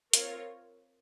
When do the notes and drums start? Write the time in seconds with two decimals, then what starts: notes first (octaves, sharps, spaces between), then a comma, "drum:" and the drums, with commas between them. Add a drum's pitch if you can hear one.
0.13 C4 F4 A#4 C#5, drum: hi-hat